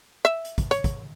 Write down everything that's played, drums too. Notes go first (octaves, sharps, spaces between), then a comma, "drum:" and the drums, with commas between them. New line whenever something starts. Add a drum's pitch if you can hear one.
E5
drum: hi-hat
drum: kick, hi-hat
C#5, drum: hi-hat
drum: kick, hi-hat